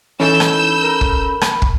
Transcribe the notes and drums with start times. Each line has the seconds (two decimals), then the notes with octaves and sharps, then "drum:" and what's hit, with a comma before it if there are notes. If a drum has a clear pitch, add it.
0.20 E3 C#4 D#4 A4 A5 B5 E6 G6
0.40 drum: rim click
0.83 A#4
1.01 drum: kick
1.41 drum: rim click
1.62 drum: kick